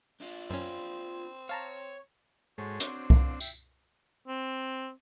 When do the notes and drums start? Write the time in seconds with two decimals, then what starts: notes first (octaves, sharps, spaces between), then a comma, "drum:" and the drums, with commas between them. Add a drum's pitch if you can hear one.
0.21 D4 F4
0.50 F#2 C4 C#4
1.49 C#5 F5 A5 A#5
2.58 G#2 G#3 F#4 A4 C5 C#5
2.80 C4 D4, drum: hi-hat
3.10 E2 A#3, drum: kick C2
3.40 E5 G5, drum: tambourine
4.28 C4